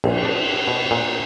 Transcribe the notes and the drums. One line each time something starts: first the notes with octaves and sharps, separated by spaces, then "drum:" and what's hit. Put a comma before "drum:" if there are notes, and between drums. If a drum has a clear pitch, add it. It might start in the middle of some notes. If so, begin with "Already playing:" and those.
A#1, drum: cymbal
D4
B2
A#2